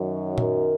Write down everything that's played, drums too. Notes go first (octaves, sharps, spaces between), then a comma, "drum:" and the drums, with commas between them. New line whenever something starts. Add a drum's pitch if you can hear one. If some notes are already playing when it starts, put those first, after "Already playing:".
Already playing: F#2 D#3 F#3
A#4, drum: tom A#2